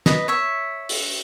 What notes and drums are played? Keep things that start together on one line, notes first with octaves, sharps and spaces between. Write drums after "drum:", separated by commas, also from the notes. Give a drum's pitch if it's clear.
B4 D#5, drum: snare
C#5 E5
drum: open hi-hat